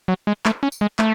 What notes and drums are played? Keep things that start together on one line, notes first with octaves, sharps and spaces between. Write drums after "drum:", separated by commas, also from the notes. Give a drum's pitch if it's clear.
F#3
G#3
A3, drum: clap
C#4
drum: tambourine
G#3
A3, drum: clap